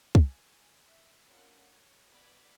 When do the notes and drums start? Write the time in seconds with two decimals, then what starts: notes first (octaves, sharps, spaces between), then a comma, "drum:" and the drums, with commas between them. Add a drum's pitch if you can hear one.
0.15 G#5, drum: kick
0.86 E5
1.27 A#3 C#4 D4 F4 A#4 F#5
1.69 C#5
2.10 B3 D5 B5 D6 G#6